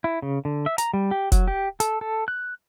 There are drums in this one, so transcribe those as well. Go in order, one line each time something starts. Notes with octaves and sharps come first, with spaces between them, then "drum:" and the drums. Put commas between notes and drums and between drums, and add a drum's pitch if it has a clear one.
E4
C#3
D3
E5
A#5, drum: hi-hat
G3
G4
F#3, drum: kick F1, hi-hat
G4
A4, drum: hi-hat
A4
F#6